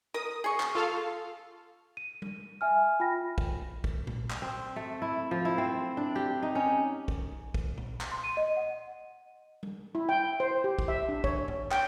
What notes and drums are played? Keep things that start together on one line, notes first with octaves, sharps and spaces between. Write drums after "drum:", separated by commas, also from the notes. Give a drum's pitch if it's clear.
A#4 D#6
G#4 C#6
drum: clap
F4 A4 F5
D#7
drum: tom G3
E5 G#5 F6
F4 G5 B5 A#6
drum: kick
drum: kick
drum: tom A#2
drum: clap
C4
A3
E4
F3
E4
C4
D4
G4
D#4
C#4
drum: kick
drum: kick
drum: tom
drum: clap
C6
D#7
D#5
F#5
drum: tom G3
E4
G5
C5
G4
drum: kick
E5
D4
C#5, drum: kick
drum: tom G2
G5, drum: clap